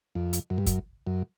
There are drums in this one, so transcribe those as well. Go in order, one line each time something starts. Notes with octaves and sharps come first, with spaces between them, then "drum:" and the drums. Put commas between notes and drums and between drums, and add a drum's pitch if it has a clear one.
F2
drum: hi-hat
F#2
G2
F#2, drum: kick, hi-hat
F#2